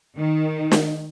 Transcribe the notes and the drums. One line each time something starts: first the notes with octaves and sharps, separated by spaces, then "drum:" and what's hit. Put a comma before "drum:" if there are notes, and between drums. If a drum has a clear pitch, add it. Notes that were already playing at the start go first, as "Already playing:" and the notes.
D#3
drum: snare